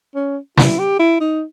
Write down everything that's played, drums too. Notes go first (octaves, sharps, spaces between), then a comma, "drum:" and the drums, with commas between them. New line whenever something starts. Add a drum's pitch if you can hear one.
C#4
E4, drum: snare
G4
E4
D#4